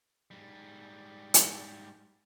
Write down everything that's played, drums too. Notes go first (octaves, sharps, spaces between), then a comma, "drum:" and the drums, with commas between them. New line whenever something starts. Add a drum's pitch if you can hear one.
G#2 G3
drum: hi-hat